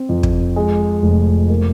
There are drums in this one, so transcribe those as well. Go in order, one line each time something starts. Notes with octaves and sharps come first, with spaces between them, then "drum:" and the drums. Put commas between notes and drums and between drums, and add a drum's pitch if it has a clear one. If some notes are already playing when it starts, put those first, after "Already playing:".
Already playing: C4
F2
drum: kick
G#3
F1
A#3